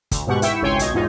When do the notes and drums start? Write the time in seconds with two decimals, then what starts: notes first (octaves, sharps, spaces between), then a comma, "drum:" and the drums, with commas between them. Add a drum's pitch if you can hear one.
0.11 D2, drum: kick, hi-hat
0.27 G#2 B2 G4 F#5 C#6
0.42 E4 E5 G5 C#6 E6, drum: hi-hat
0.62 G#1 C#2 C#5 G5 G#5 C6
0.79 B1 D#5 G#6, drum: hi-hat
0.94 E2 G#2 D#4 F4